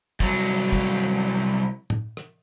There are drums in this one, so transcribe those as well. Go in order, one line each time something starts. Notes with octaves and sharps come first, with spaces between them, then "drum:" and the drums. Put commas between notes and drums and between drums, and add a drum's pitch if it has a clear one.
C2 F#3, drum: kick
drum: kick
drum: tom A2
drum: rim click